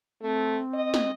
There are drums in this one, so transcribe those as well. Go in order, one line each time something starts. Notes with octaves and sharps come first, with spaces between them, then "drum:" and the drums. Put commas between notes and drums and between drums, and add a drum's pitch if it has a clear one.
A3 C4
D#5
drum: snare